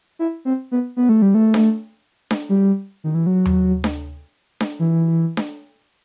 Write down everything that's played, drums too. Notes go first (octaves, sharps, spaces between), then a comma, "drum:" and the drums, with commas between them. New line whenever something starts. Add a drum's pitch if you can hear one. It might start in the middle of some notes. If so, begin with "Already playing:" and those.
E4
C4
B3
B3
A3
G3
A3
drum: snare D4
drum: snare D4
G3
D#3
E3
F#3
drum: tom D#2
drum: snare D4
drum: snare D4
E3
drum: snare D4